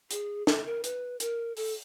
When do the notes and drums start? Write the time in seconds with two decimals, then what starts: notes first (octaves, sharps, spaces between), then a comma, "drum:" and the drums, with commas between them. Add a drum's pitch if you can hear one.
0.11 G#4, drum: hi-hat
0.47 A4, drum: snare
0.65 A#4
0.84 B4, drum: hi-hat
1.20 A#4, drum: hi-hat
1.57 A4, drum: open hi-hat